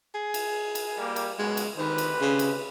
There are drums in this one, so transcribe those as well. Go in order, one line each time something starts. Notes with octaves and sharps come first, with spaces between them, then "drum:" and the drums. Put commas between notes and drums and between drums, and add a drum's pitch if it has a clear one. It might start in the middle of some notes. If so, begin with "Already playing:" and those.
G#4
drum: cymbal
drum: cymbal
G3 A#3
drum: cymbal
C#2 F#2 B2 G#3
drum: cymbal
D2 C3 D#3 B4
drum: cymbal
C#3
drum: cymbal